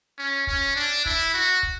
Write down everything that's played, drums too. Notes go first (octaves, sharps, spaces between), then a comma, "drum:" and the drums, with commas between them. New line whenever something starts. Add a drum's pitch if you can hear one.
C#4
C#4, drum: kick
D4
E4, drum: kick
F#4
drum: kick